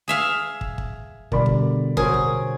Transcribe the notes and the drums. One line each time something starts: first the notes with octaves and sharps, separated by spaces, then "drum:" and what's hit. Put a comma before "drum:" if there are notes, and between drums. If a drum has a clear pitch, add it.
G#4 E5 F5
drum: kick
drum: kick
B2 D3 G3 A#4 D5 B5, drum: kick
drum: kick
F#4 G#4 A#4 C5 C#5, drum: kick
drum: kick